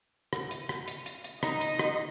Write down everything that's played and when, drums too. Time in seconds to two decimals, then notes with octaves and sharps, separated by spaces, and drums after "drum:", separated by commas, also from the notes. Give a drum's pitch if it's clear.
0.33 drum: rim click
0.51 drum: hi-hat
0.69 drum: rim click
0.88 drum: hi-hat
1.06 drum: hi-hat
1.24 drum: hi-hat
1.43 D#4 D#5, drum: rim click
1.61 drum: hi-hat
1.79 drum: rim click